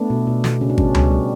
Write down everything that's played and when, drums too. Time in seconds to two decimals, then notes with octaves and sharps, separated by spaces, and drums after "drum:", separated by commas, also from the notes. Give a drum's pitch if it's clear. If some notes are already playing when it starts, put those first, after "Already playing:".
Already playing: A3 B3 D4
0.10 B2
0.27 B2
0.44 B2, drum: snare
0.61 C#3 C#4
0.70 D4
0.78 G3 C#4, drum: kick G#1
0.95 G3, drum: tom C#2
1.11 G3